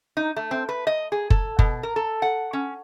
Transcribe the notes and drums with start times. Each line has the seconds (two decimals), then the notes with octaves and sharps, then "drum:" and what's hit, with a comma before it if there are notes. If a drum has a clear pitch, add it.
0.17 D#4
0.36 A3
0.51 C4
0.69 B4
0.87 D#5
1.12 G#4
1.30 A4, drum: kick F#1
1.59 B2, drum: kick F#1
1.83 A#4
1.96 A4
2.22 F#5
2.53 C#4